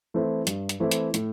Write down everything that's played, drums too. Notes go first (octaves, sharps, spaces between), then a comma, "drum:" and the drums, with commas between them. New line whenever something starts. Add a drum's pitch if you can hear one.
E3 A3 C4 E4
G2, drum: hi-hat
drum: hi-hat
E3 A3 C4 E4
drum: hi-hat
A2, drum: hi-hat